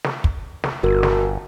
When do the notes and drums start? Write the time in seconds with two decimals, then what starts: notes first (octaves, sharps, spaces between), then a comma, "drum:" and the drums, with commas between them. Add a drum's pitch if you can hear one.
0.04 drum: snare
0.24 drum: kick
0.64 drum: snare
0.83 G1 F#4 A#4
1.03 drum: snare